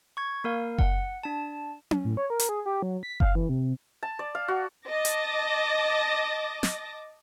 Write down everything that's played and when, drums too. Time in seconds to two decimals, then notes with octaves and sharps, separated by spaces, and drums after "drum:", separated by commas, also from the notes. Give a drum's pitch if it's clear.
0.17 C#6 G#6
0.44 A#3 A#4 F5
0.78 F#5, drum: kick F#1
1.23 D4 A5
1.91 drum: tom C#4
2.04 A2
2.17 C#5
2.30 A#4
2.40 drum: hi-hat
2.49 G#4
2.66 G4
2.82 F#3
3.03 B6
3.20 F5, drum: kick F#1
3.35 E3
3.49 C3
4.03 A5
4.19 D5
4.35 F5
4.48 F#4
4.86 D#5 A5 D6 A#6
5.05 drum: hi-hat
6.63 drum: snare